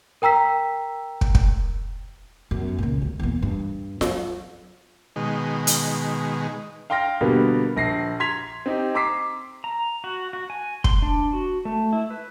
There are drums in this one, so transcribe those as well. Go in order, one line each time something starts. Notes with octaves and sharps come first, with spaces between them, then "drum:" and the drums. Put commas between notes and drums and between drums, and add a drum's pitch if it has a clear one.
A#4 G5 A#5 E6 B6
drum: kick
drum: kick
G1 F#2
C#2 A#2
D2
E2 A#2
G2
F#3, drum: snare F4
B2 D#3 G#3
drum: hi-hat
F5 G5 C6 F6 A#6
B2 D3 G3 A#3 B3
A#1 A#6 C7
A#5 C6 G#6 B6 F7
C4 D#4 G4
A#5 C6 D6 E6 B6 C7
A#5
F#4
F#4
G#5
C6, drum: kick
D4
F#4
A3
E4
B4